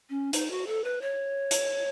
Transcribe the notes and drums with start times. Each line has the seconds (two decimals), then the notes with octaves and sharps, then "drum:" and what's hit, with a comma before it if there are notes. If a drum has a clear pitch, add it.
0.10 C#4
0.33 D#4, drum: hi-hat
0.51 F#4
0.67 A4
0.84 B4
1.01 C#5
1.51 drum: hi-hat